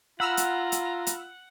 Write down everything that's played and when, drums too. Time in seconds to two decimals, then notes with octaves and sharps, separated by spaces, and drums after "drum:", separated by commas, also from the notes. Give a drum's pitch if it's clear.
0.20 F4 F#5 A#5 B5 E6 F6
0.37 drum: hi-hat
0.72 drum: hi-hat
1.07 drum: hi-hat